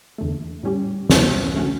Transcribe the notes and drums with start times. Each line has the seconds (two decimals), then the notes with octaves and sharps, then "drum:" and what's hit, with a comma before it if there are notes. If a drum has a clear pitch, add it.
0.18 E2 D3 A3
0.63 A2 G3 C#4 G4
1.10 C#3 E3 B3, drum: snare
1.54 D3 A3 C#4 F#4